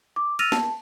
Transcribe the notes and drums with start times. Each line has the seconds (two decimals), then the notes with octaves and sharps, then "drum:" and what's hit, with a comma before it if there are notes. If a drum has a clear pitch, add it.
0.16 D6
0.39 E6 F6 A6 A#6 D#7 F7, drum: cymbal
0.52 A5, drum: snare